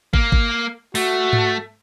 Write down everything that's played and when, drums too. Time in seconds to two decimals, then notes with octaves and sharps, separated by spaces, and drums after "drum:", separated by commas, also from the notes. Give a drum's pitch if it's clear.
0.14 A#3, drum: kick
0.32 drum: kick
0.95 A3 F#4, drum: open hi-hat
1.33 drum: tom G#2